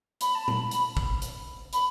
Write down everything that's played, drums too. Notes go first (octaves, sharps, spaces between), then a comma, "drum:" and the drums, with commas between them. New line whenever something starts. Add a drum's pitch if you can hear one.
B5, drum: hi-hat
A5
B5, drum: tom
drum: hi-hat
drum: kick
drum: hi-hat
B5, drum: hi-hat